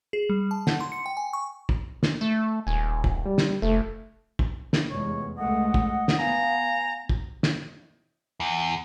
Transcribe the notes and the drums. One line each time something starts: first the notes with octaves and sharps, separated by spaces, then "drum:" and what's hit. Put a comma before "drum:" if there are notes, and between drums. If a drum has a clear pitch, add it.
G#4
G3
A5
F#5, drum: snare
C6
C#7
G5
G#5
C#6
drum: kick
drum: snare
A3
D#1 G#5
drum: kick
G3
drum: snare
F1 A3
drum: kick
drum: snare
F1 E2 G#3 C#5
C#2 G#3 A3 D#5 F#5
drum: kick
drum: snare
B3 F5 G#5 A#5
drum: kick
drum: snare
E2